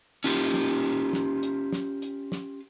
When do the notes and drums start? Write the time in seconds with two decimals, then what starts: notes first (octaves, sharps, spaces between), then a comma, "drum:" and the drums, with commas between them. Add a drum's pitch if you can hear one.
0.24 C#4 F4 G4, drum: hi-hat
0.54 drum: snare
0.84 drum: hi-hat
1.13 drum: snare
1.43 drum: hi-hat
1.73 drum: snare
2.02 drum: hi-hat
2.32 drum: snare